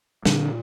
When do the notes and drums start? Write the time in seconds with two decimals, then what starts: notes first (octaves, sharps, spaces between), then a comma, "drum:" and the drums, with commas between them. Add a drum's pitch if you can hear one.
0.25 A#2 D3 D4, drum: snare